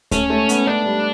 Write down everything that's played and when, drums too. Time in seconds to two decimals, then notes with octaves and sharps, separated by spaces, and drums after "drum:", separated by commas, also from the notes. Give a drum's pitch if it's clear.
0.11 A3 C#4, drum: kick D2, hi-hat
0.30 A3
0.49 B3, drum: hi-hat
0.67 A3 D4
0.86 G3